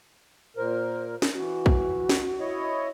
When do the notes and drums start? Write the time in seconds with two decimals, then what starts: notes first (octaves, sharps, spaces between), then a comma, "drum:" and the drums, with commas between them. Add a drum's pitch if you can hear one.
0.57 A#2 A#4 C5
1.22 drum: snare
1.34 E3 F#4
1.66 drum: kick
2.09 drum: snare
2.40 E4 C#5 D#5